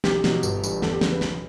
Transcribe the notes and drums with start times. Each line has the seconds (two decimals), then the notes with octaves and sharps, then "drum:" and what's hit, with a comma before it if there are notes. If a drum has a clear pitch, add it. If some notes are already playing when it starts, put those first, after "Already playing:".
0.04 B1 G4, drum: snare
0.24 B2 F#3, drum: snare
0.43 G1, drum: tambourine
0.64 G2 E3, drum: tambourine
0.82 E2 A4, drum: snare
0.93 G4
1.01 C#3 G3, drum: snare
1.12 B4
1.21 B1, drum: snare